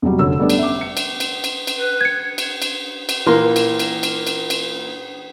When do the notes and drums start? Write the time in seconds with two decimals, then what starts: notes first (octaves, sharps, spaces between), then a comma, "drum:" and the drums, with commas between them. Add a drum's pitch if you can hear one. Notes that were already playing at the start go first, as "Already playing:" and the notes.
0.02 E2 C3 F#3 G3
0.19 F1 D3 C#5 E6
0.39 G3 A3 B3 C#4 D4 D5
0.50 drum: cymbal
0.59 E5 D6
0.81 C#7
0.97 drum: cymbal
1.20 drum: cymbal
1.44 drum: cymbal
1.67 drum: cymbal
1.77 B4
2.01 G#6 C#7
2.38 drum: cymbal
2.62 drum: cymbal
3.09 drum: cymbal
3.26 A#2 E3 A#3 A#4 C6
3.56 drum: cymbal
3.79 drum: cymbal
4.03 drum: cymbal
4.27 drum: cymbal
4.50 drum: cymbal